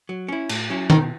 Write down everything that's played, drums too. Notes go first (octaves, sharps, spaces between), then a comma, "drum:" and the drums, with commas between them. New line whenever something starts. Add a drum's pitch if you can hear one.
F#3
C#4 E4
A2, drum: cymbal
F#3 C#4 E4
B2 D#3, drum: tom